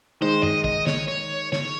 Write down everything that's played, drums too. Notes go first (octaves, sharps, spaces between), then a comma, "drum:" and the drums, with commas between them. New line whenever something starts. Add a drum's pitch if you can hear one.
D#3 G#3 D#4 C5
D#5, drum: tom
D#5, drum: kick
C#5, drum: snare
C#5
C#5, drum: snare